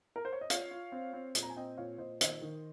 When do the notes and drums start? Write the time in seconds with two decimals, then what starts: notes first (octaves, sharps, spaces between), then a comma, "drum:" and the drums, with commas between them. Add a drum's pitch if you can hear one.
0.16 A#4
0.25 C5
0.32 C#5
0.41 D#5
0.50 F4 C#5 F5, drum: hi-hat
0.71 F4
0.92 C4
1.13 C4
1.35 A#2, drum: hi-hat
1.43 A#5
1.50 G#5
1.56 C4 D#5 G5
1.77 A#2 C#5 F5
1.98 A#2 C5 D#5
2.21 D#3 C5 D#5, drum: hi-hat
2.41 D#3